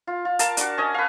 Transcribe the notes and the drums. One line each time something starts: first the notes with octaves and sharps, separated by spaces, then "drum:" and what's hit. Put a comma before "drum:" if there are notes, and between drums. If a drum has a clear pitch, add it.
F4
F4
A#4 D5 F5 A5, drum: hi-hat
D4 F#4, drum: hi-hat
C#4 D#5 G#5 A5
B4 F5